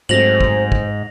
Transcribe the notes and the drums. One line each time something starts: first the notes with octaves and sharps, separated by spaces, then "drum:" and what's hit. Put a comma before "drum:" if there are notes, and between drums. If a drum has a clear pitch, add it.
G#2 F#3 A3 C4 C5 A#6 F7 F#7
drum: kick
drum: kick